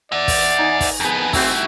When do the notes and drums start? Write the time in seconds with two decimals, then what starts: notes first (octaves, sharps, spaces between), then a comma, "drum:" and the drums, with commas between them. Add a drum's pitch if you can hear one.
0.12 D5 E5 F#5
0.28 drum: kick, open hi-hat
0.59 D#4 G#5 A#5
0.80 drum: kick, open hi-hat
1.00 F2 B3 G#4 A#4
1.33 G3 A3 C4 E4 F#4 B5, drum: kick, open hi-hat